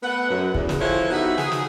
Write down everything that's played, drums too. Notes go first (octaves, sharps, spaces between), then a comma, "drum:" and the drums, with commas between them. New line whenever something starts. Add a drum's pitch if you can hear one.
A3 B3 B4 F#5
F#2
E2, drum: kick
drum: snare
E3 F3 E4 A4 C5 C#5
B3 D#4 F#4 G4 E5 F#5
G#4, drum: snare
drum: snare